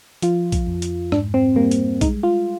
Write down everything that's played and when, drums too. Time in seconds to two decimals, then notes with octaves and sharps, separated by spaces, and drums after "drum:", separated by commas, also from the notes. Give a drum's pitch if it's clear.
0.22 F3 F4, drum: hi-hat
0.52 drum: kick A#1, hi-hat
0.67 F2
0.82 drum: hi-hat
1.12 G#2 D4, drum: rim click
1.34 C4
1.56 G3 A#3
1.71 drum: hi-hat
2.01 G#3 D#4, drum: kick A#1, hi-hat
2.23 F4